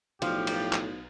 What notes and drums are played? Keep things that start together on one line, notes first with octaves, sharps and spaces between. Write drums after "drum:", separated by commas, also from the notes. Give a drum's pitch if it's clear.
B1 A2 F3 G4 F5, drum: cymbal
drum: cymbal
drum: clap